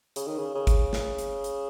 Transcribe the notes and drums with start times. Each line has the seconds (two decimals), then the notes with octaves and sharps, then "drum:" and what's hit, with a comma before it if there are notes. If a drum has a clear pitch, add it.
0.16 C#3, drum: hi-hat
0.27 D#3
0.38 C#3
0.55 C#3
0.67 drum: kick G1, hi-hat
0.93 drum: snare
1.18 drum: hi-hat
1.44 drum: hi-hat